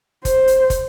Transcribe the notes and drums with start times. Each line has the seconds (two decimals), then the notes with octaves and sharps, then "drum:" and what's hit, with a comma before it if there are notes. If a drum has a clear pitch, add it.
0.25 C5, drum: kick, hi-hat
0.48 drum: hi-hat
0.70 drum: kick, hi-hat